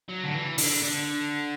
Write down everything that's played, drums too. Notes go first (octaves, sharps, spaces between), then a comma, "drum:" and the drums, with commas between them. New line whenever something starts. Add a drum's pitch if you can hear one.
F#3
D3
E3
D3, drum: open hi-hat
D3